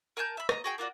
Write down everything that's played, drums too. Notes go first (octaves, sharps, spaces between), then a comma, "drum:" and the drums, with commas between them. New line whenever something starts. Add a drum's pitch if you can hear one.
A#4 G#5 A5 G6
E5 B5
D#5 A#5, drum: rim click
F#4 G#4 G5
A#3 F4 F#4 D5